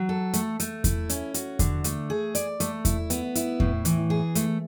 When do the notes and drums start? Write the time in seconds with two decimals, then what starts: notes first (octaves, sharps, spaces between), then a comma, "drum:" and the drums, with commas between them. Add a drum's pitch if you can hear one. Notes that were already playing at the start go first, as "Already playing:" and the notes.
Already playing: F#3
0.09 A4
0.34 A3, drum: hi-hat
0.60 A3, drum: hi-hat
0.84 E4, drum: kick E2, hi-hat
1.09 C#4, drum: hi-hat
1.34 F#4, drum: hi-hat
1.59 D3, drum: kick E2, hi-hat
1.84 A3, drum: hi-hat
2.10 G#4
2.35 D5, drum: hi-hat
2.60 A3, drum: hi-hat
2.85 E4, drum: kick E2, hi-hat
3.10 B3, drum: hi-hat
3.35 E4, drum: hi-hat
3.60 A2, drum: kick E2
3.85 E3, drum: hi-hat
4.10 G#4
4.35 A3, drum: hi-hat